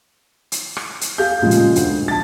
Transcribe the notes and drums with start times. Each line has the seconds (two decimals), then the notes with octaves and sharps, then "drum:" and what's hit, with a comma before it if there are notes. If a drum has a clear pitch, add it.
0.52 drum: hi-hat
0.77 drum: rim click
1.01 drum: hi-hat
1.18 G4 G#4 F5 G6
1.42 A#2 C#3 F3 G#3
1.51 drum: hi-hat
1.76 D2, drum: hi-hat
2.08 A5 A6